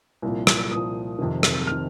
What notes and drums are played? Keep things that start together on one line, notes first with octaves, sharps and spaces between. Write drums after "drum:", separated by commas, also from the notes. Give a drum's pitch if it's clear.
C2 A#2 F3
drum: rim click
C2 A#2 F3 D#6
F2 C3 D#3
drum: rim click
C3 D#3 F6